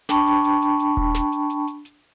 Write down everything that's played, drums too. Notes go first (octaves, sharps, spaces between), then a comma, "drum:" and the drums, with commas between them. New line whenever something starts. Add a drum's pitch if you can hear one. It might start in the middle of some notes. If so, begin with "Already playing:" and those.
D4 G5 A5 B5 C#6, drum: snare
drum: hi-hat
drum: hi-hat
drum: hi-hat
drum: hi-hat
drum: kick D#1
drum: snare
drum: hi-hat
drum: hi-hat
drum: hi-hat
drum: hi-hat